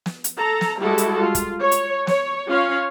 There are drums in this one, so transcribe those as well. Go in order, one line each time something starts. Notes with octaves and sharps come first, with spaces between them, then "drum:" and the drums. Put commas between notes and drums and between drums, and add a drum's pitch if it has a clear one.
drum: snare
drum: hi-hat
A4 A#5
drum: snare
G3 G#3 E4 F#4 A4
drum: hi-hat
F4
drum: kick, hi-hat
C#5
drum: hi-hat
C#5, drum: snare
C#4 F4 C#5 F5